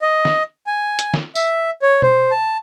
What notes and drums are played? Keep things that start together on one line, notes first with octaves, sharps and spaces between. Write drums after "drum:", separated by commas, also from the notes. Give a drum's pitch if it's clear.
D#5
drum: snare
G#5
drum: hi-hat
drum: snare
E5, drum: tambourine
C#5
C5, drum: tom B2
A5